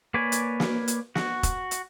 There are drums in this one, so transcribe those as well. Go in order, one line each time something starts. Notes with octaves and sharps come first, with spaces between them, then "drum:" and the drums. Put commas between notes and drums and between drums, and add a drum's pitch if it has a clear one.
A#3 B4 C#5 D5 G#5
drum: hi-hat
drum: snare
drum: hi-hat
F#4, drum: snare
drum: kick E1, hi-hat
drum: hi-hat